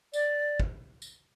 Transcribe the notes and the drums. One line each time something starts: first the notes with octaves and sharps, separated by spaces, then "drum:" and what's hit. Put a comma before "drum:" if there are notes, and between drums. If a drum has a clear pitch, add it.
D5, drum: tambourine
drum: kick
drum: tambourine